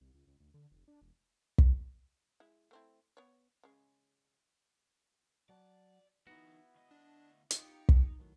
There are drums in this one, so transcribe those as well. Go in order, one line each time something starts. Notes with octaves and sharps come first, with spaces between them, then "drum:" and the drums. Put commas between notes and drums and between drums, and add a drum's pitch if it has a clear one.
C2
C#2
C#2
D2
D3
F1
D4
E1
drum: kick
G#3 E4
A3 C4 E4
B3 C#5
C#3 G#3
F#3 D5 F#5 A5
E3 B3 D#4 E4 F#4
D2 D#5
D4
B3 D#4 F4 G4 D#5 G5 C#7, drum: hi-hat
drum: kick
A2 D#3 F#3